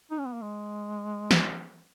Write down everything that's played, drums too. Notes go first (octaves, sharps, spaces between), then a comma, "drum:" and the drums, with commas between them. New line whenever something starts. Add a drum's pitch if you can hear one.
D#4
C#4
B3
A#3
G#3
drum: snare